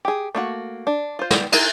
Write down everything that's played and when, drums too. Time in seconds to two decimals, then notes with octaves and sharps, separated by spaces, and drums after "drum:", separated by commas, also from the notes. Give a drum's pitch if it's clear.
0.05 G4 G#4
0.35 A3 A#3 F#4
0.87 D4
1.19 F4 C5
1.31 G3 B3 G5, drum: snare
1.52 D#4 E4 G#4 A#4, drum: cymbal